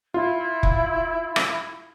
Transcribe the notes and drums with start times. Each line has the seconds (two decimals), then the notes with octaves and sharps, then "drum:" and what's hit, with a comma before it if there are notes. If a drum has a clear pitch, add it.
0.14 E4 F4
0.63 drum: kick F1
1.36 drum: rim click